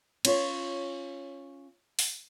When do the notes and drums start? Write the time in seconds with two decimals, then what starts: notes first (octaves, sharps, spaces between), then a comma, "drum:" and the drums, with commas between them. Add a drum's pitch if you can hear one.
0.25 C#4 F4 C#5, drum: cymbal
1.99 drum: open hi-hat